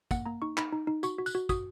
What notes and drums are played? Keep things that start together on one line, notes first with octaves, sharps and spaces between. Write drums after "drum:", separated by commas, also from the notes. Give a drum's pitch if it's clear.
A#3 F#5, drum: kick, tambourine
A#3 A#5
D#4 C#6
D#4 B5, drum: clap
D#4
D#4
F#4 C#6, drum: tambourine
F#4
F#6, drum: tambourine
F#4
F#4 D#6, drum: kick, tambourine